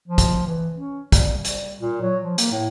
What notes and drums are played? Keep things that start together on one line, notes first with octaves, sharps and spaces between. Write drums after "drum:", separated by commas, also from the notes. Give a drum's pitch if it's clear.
F3
drum: kick, hi-hat
E3
C#4
G3, drum: kick, hi-hat
G3, drum: hi-hat
A#2
F#3
F3
A#3, drum: hi-hat
A2